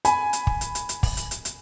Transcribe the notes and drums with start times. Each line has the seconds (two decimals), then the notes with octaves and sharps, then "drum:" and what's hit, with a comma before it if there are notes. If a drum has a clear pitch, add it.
0.05 G#5 B5, drum: hi-hat
0.33 drum: hi-hat
0.47 drum: kick
0.61 drum: hi-hat
0.75 drum: hi-hat
0.89 drum: hi-hat
1.03 drum: kick, open hi-hat
1.17 drum: hi-hat
1.31 drum: hi-hat
1.45 drum: hi-hat